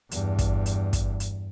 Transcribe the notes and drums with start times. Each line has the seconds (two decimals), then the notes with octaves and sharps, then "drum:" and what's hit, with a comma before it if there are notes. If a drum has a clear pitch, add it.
0.11 E2 G2, drum: hi-hat
0.39 drum: kick, hi-hat
0.66 drum: hi-hat
0.93 drum: kick, hi-hat
1.20 drum: hi-hat